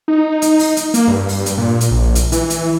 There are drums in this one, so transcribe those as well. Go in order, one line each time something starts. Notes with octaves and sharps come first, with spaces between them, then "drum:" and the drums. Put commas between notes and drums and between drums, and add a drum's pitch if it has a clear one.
D#4
drum: hi-hat
drum: open hi-hat
drum: hi-hat
A#3, drum: hi-hat
G2
drum: open hi-hat
drum: hi-hat
A#2
drum: hi-hat
A#1
drum: hi-hat
E3, drum: hi-hat
drum: hi-hat